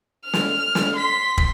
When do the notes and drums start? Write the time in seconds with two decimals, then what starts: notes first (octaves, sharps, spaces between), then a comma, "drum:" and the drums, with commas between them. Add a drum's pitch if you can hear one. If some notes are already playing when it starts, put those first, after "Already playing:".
0.24 F6
0.33 drum: snare
0.75 drum: snare
0.96 C6 B6
1.38 drum: kick